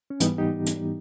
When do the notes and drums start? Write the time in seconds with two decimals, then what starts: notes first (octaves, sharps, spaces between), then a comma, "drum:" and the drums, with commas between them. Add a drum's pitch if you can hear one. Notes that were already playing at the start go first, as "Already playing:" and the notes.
0.10 C#4
0.20 G#2 E3 G3 B3 D#4, drum: hi-hat
0.38 D#4 G4
0.66 drum: hi-hat